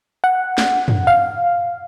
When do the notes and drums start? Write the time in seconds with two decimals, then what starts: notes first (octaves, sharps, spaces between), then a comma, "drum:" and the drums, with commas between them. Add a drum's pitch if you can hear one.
0.24 F#5
0.58 drum: snare
0.88 drum: tom
1.07 F5